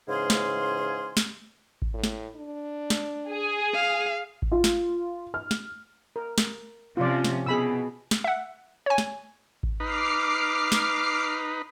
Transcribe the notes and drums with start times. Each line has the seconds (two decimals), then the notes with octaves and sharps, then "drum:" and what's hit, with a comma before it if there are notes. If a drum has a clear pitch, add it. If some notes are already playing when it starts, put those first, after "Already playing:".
0.08 G#2 C#3 E3 G#4 F5 C6
0.30 drum: snare
1.17 drum: snare
1.82 drum: kick G#1
1.94 A2
2.04 drum: snare
2.36 D4
2.90 drum: snare
3.31 G#4
3.74 F5
4.42 drum: kick G#1
4.52 F4
4.64 drum: snare
5.34 F6
5.51 drum: snare
6.16 A#4
6.38 drum: snare
6.97 C3 F3 C#4 F4 D5
7.24 drum: snare
7.46 B2 G#4 B5 E6
8.11 drum: snare
8.24 E5 F#5
8.86 C#5 G#5
8.98 drum: snare
9.63 drum: kick G#1
9.80 D#4 B4 D6 F6 C7
10.72 drum: snare